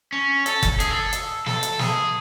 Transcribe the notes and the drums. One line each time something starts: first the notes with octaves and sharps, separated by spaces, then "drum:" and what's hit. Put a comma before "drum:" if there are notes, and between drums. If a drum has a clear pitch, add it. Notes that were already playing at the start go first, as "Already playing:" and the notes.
C#4
A4, drum: hi-hat
drum: kick, hi-hat
G#4, drum: hi-hat
A4
drum: hi-hat
A4, drum: snare
drum: hi-hat
G#4, drum: snare